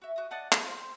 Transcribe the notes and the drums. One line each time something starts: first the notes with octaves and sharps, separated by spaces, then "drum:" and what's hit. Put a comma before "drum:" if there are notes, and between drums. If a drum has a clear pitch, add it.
F#4 E5
F#4 D#5
D5 D#5 F#5 A5
G#4 B4, drum: clap
F4 C5 D5
C4 C6